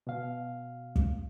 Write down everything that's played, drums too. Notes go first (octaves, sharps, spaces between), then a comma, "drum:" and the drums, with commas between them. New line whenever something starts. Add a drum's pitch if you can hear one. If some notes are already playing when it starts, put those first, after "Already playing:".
B2 F5
drum: kick